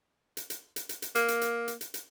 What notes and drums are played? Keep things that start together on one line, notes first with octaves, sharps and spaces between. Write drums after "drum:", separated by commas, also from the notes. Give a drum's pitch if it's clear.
drum: hi-hat
drum: hi-hat
drum: hi-hat
drum: hi-hat
drum: hi-hat
A#3, drum: hi-hat
drum: hi-hat
drum: hi-hat
drum: hi-hat
drum: hi-hat
drum: hi-hat